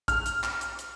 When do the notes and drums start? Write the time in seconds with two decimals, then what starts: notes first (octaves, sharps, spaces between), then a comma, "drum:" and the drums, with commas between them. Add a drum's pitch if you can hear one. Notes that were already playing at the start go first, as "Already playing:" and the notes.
0.08 F6, drum: kick, hi-hat
0.26 drum: hi-hat
0.43 drum: clap
0.61 drum: hi-hat
0.79 drum: hi-hat